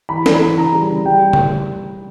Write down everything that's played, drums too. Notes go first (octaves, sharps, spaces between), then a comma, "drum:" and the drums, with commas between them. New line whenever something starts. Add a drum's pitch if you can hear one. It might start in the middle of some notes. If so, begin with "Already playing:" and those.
E3 B5
E3, drum: snare
B5
E3
C#3 A#5
G3
C#3
G3 G5
drum: tom C#3